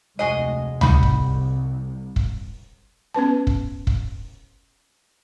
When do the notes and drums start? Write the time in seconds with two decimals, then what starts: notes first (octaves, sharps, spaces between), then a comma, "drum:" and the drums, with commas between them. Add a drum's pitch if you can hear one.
0.19 F1 D2 G#3 F#4 G#4 D#5
0.81 C2 D#4 F#4 B5, drum: tom C#2
1.03 drum: kick
2.16 drum: kick
3.14 B3 C#4 B4 A5
3.47 drum: kick
3.87 drum: kick